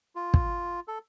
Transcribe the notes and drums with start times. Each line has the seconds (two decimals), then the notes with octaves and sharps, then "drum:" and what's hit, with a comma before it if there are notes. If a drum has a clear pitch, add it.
0.15 F4
0.34 drum: kick
0.88 A4